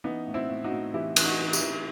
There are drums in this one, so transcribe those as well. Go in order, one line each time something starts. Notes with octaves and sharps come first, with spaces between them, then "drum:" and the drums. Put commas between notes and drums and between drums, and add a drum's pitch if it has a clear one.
E3 B3 D#4
A2
C4 E4
A2
D#4 F#4
A2
E3 E4 G4
E3, drum: cymbal
D#4 F#4
E3
E4 G4, drum: tambourine
E3